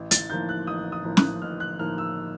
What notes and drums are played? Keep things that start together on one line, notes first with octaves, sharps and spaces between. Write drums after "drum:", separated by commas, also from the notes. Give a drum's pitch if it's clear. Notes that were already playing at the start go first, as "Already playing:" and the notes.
Already playing: A1
A6, drum: hi-hat
A2 F3 A#3 D#4 G6
F#6
A1 D#6
D#6
A2 F3 A#3 D#4
F#6, drum: snare
A1 F6
F#6
A2 F3 A#3 D#4 F6
E6